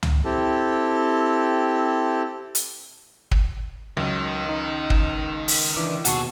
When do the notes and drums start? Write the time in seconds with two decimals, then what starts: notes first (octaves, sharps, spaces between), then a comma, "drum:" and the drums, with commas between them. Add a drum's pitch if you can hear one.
0.03 drum: tom
0.25 C4 E4 G4 A4
2.55 drum: hi-hat
3.31 drum: kick
3.97 C#2 D#3 F#3
4.49 D#4
4.90 drum: kick
5.48 drum: open hi-hat
5.77 E3 D4 D6
6.05 D#2 B2 F#4 G#4 A4 F#5 A5 C#6, drum: hi-hat